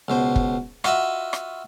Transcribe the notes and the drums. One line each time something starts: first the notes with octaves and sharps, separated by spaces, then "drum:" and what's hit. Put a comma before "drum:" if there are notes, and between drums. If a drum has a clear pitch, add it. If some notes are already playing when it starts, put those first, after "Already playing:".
C#2 B2 C5
drum: kick
F4 F#4 D#5 E5 B5, drum: rim click
drum: rim click